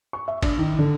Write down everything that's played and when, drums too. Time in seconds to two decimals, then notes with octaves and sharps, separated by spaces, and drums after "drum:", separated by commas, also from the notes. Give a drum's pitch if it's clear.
0.13 C#6
0.28 E5
0.43 D4, drum: kick G1, cymbal
0.59 D#3
0.79 D3